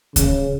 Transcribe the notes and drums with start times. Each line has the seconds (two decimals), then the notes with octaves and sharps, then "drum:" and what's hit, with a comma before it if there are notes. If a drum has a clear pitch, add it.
0.16 C#3, drum: kick D2, hi-hat